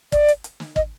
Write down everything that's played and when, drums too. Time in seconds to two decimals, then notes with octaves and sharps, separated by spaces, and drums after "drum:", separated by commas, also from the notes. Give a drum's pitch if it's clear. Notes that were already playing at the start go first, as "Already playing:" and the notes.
0.12 D5, drum: kick, hi-hat
0.28 drum: hi-hat
0.44 drum: hi-hat
0.60 drum: snare
0.76 D#5, drum: kick